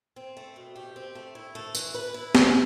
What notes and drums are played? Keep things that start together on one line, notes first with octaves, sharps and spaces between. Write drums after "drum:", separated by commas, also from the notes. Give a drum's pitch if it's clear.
C4
A3
B2
G4
C4
A3
E4
A3
E3, drum: tambourine
B4
E4
A3, drum: snare